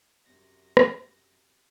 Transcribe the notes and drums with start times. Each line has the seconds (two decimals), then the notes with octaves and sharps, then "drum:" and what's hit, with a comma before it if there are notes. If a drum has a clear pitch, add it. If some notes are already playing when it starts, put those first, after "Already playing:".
0.24 F#2 C3 A#6
0.77 drum: rim click